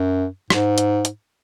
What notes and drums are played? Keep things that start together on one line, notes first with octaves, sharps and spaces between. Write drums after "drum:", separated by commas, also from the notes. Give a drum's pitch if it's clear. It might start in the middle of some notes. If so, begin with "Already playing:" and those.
Already playing: F#2
G#2, drum: rim click
drum: hi-hat
drum: hi-hat